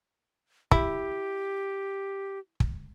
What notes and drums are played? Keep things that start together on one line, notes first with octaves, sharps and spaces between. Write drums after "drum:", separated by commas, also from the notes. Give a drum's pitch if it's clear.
E4 G4, drum: kick
drum: kick